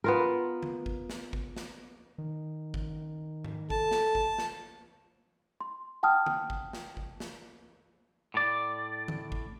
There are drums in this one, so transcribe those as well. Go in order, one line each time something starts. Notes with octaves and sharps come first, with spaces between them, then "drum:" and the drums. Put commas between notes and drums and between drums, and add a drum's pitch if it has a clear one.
B3 F4 A#4
drum: tom D3
drum: kick G#1
drum: snare
drum: kick G#1
drum: snare
D#3
drum: kick G#1
drum: tom G#2
A4 A5, drum: kick G#1
drum: snare
drum: kick G#1
drum: snare
C6
F#5 G5 A5 D#6 F6
drum: tom D3
drum: kick G#1
drum: snare
drum: kick G#1
drum: snare
A2 D5
drum: tom D3
drum: kick G#1